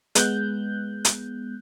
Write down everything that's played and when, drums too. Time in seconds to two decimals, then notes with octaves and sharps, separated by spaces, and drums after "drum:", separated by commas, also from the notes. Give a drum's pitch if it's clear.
0.15 G#3 B3 F#6 G6, drum: hi-hat
1.05 drum: hi-hat